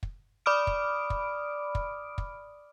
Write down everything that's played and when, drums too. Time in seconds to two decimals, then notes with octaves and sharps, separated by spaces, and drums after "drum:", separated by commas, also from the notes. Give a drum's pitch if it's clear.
0.03 drum: kick
0.46 D5 B5 D6 D#6 F6 D7
0.67 drum: kick
1.10 drum: kick
1.75 drum: kick
2.18 drum: kick